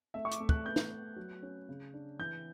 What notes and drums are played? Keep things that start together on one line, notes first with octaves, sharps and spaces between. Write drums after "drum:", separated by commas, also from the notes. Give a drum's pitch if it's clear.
A3 E5
C#6
D6, drum: hi-hat
A3
F#6, drum: kick
B3 G6
drum: snare
B3
F#3
C#4
C#3
D4
E3 G6